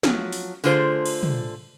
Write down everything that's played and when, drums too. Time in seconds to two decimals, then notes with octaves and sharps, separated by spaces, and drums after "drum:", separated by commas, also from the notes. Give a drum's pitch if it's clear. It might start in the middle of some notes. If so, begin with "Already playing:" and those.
0.03 F3 F#3, drum: snare
0.33 drum: open hi-hat
0.64 D3 A3 F4 G#4 C5, drum: tambourine
1.06 drum: cymbal
1.23 drum: tom